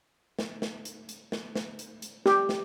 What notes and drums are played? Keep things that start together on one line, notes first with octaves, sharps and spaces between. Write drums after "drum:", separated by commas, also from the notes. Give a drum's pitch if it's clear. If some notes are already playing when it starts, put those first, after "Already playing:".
drum: snare
drum: snare
drum: hi-hat
drum: hi-hat
drum: snare
drum: snare
drum: hi-hat
drum: hi-hat
G4, drum: snare
drum: snare